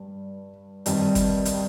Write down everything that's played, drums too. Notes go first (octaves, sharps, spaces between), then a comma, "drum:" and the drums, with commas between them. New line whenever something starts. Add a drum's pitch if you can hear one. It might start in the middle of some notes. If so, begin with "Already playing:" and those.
Already playing: G2 G3
G2 D#3 G3 C4, drum: hi-hat
drum: kick G1, hi-hat
drum: hi-hat